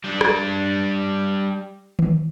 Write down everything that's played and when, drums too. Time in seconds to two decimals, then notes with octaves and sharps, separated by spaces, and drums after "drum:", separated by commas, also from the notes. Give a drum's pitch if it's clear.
0.04 G3 D4
0.21 drum: rim click
1.99 drum: tom D#3